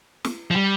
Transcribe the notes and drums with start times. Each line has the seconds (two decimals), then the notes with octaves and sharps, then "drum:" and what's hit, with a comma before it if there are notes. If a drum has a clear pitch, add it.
0.25 drum: snare
0.51 F3
0.56 G3